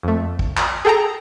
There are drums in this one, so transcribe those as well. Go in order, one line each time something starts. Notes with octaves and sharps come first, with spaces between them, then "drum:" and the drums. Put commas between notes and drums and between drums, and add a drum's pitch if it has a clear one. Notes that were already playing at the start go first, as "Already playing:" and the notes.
F2 A3
drum: kick
drum: clap
G#4 A4 G5 A5 A#5